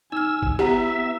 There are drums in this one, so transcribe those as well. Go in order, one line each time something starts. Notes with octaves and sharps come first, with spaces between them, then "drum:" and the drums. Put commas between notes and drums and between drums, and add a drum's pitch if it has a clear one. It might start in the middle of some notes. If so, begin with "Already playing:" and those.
D#4 G#5 E6 F6
drum: kick
B3 E4 G4 E5 F#5 A#5